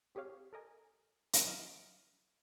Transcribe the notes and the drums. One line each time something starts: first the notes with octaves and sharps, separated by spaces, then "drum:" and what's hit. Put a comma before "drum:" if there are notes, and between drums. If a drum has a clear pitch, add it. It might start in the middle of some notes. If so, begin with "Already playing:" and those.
C4 G4 G#4 C#5 F5
A4 A#4 D#5 G#5
drum: hi-hat
F#3 E4 D#5 F6